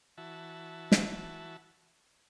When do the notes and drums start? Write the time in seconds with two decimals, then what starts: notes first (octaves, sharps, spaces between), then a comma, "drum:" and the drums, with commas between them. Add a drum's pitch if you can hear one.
0.18 E3 F#4 E5 A5
0.92 drum: snare